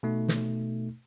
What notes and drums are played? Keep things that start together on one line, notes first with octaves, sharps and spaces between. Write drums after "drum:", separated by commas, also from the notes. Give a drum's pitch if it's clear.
B2 A3 D#4
drum: snare